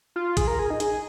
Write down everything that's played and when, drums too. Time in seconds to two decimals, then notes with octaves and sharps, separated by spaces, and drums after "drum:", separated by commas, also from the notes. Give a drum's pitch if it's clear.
0.16 F4
0.37 G#4, drum: kick, hi-hat
0.47 A#4
0.59 G#4
0.70 D#4
0.80 G#4, drum: hi-hat